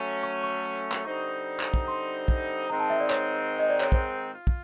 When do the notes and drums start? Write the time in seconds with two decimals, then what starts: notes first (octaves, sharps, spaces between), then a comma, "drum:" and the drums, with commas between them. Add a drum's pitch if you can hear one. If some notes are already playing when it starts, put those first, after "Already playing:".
Already playing: F#3 A3 C#4
0.23 C#6
0.44 C#6
0.92 drum: clap
1.05 D3 G3 C4 D#4 C#6
1.60 drum: clap
1.74 drum: kick
1.88 C6
2.28 drum: kick
2.69 G#2 D#3 G#3 C4 D#4 A#5
2.80 A5
2.90 E5
3.00 D5
3.10 C#5, drum: clap
3.59 D#5
3.70 D5
3.81 C#5, drum: clap
3.92 C5, drum: kick
4.33 F4
4.47 drum: kick